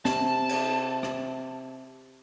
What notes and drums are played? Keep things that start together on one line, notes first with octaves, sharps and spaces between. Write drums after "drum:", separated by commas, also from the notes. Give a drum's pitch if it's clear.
C3 A5, drum: snare
drum: cymbal
drum: rim click